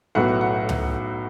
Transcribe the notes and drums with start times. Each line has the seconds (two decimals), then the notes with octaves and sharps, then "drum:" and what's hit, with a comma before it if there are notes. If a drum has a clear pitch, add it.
0.15 B1 A2 F#3 B3 F#5
0.41 F#5
0.69 drum: tom C#2